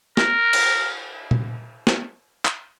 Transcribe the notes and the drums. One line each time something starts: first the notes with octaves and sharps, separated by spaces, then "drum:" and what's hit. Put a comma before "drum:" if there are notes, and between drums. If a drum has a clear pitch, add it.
A#4, drum: snare
drum: cymbal
drum: tom A#2
drum: snare
drum: clap